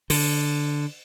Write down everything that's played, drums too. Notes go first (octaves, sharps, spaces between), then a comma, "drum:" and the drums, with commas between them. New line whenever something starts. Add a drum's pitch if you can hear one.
D3, drum: open hi-hat